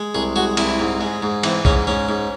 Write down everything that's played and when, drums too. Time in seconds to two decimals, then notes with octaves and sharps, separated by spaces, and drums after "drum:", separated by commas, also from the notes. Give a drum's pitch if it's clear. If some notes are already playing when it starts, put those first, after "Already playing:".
Already playing: G#3
0.15 C2 G#4
0.36 G#3 F#4
0.57 C2 E4, drum: cymbal
0.79 G#2
1.01 G#3
1.22 G#2
1.43 E3 C4, drum: cymbal
1.65 G#2 C#4, drum: kick B1
1.87 G#2 C#4
2.09 G#2